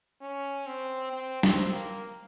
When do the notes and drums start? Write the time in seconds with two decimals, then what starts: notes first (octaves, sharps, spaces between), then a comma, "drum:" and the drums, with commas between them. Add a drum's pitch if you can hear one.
0.22 C#4
0.67 C4
1.13 C4
1.43 C4, drum: snare
1.73 A#3